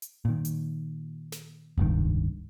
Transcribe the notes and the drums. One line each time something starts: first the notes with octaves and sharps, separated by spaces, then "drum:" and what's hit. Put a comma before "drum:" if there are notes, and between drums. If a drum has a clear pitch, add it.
drum: hi-hat
A#2 D#3
drum: hi-hat
drum: snare
F1 C#2 G2 D#3, drum: kick D#1